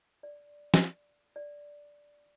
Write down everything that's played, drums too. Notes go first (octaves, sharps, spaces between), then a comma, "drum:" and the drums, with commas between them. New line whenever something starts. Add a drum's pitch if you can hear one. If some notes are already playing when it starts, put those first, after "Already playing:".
D5
drum: snare
D5